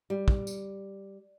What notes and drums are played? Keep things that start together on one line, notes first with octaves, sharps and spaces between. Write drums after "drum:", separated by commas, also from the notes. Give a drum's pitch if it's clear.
G3
drum: kick
drum: tambourine